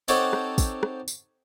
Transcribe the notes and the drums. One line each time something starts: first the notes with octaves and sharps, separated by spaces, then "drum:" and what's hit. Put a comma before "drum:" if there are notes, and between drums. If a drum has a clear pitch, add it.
C4 D#4 G4 A4 C#5 F#5, drum: tambourine
drum: rim click
drum: kick, tambourine
drum: rim click
drum: tambourine